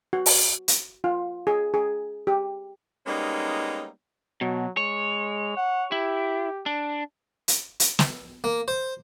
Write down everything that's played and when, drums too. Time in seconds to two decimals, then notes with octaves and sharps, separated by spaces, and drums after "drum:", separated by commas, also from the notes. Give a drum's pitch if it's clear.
0.13 F#4
0.26 drum: open hi-hat
0.68 drum: hi-hat
1.04 F4
1.47 G#4
1.74 G#4
2.27 G4
3.07 G3 G#3 A#3 B3 C#4 D#4
4.41 B2 F#3
4.77 G#3 C#5
5.57 F#5
5.92 E4 G4
6.66 D4
7.48 drum: hi-hat
7.80 drum: hi-hat
7.99 drum: snare
8.44 A#3
8.68 C5